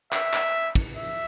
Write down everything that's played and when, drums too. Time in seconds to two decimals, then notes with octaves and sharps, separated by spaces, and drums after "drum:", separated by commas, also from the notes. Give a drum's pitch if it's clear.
0.13 E5, drum: clap
0.34 drum: clap
0.75 drum: kick, cymbal
0.97 E5